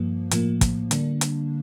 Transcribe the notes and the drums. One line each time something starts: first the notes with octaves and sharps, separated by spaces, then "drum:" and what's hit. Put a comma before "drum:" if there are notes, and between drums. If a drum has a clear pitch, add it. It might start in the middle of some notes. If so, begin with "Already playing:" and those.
Already playing: G2 F3 A#3
A2 F3 A#3, drum: hi-hat
drum: kick, hi-hat
D3 G3 A#3 D4, drum: hi-hat
drum: hi-hat